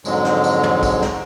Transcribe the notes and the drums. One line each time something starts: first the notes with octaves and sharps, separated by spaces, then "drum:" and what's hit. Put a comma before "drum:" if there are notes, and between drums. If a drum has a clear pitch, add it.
F2 G#2 D3 F#3 G#3, drum: tambourine
drum: snare
drum: tambourine
drum: tom
drum: kick, tambourine
drum: snare